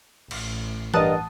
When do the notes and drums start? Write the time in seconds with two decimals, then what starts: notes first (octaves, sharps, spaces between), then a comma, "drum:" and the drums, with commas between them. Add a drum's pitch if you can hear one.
0.31 A1, drum: cymbal
0.94 G2 A#4 D#5 F#5 A5 D#6, drum: tom E3